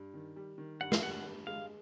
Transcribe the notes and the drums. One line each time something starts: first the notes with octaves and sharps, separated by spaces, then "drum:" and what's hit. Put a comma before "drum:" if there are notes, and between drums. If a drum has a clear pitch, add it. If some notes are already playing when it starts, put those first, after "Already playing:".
Already playing: G2
D#3
G3
D#3
G2 F#5
F5, drum: snare
G2 F#5
F#5
G2
G#3 F5